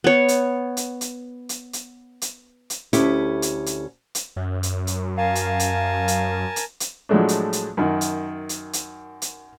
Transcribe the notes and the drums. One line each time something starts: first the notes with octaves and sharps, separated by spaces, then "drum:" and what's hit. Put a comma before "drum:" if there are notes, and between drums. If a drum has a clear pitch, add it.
B3 C#5
drum: hi-hat
drum: hi-hat
drum: hi-hat
drum: hi-hat
drum: hi-hat
drum: hi-hat
drum: hi-hat
D2 C#4 E4 G4 A4, drum: hi-hat
drum: hi-hat
drum: hi-hat
drum: hi-hat
F#2
drum: hi-hat
drum: hi-hat
A#4 F5 G#5 A5
drum: hi-hat
drum: hi-hat
drum: hi-hat
drum: hi-hat
drum: hi-hat
A2 F3 F#3 G#3 A3 D4
drum: hi-hat
drum: hi-hat
F#2 D#3
drum: hi-hat
drum: hi-hat
drum: hi-hat
drum: hi-hat